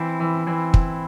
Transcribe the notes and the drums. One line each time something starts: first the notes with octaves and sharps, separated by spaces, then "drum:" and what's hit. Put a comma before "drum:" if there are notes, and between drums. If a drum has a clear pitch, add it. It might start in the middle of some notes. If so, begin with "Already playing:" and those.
Already playing: E3 C4 E4
E3
E3 C4 E4
drum: kick